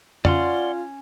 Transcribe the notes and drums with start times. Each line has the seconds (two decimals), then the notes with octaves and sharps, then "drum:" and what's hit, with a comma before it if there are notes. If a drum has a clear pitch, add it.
0.25 C#4 F4 D5 F#5 C6, drum: tom F2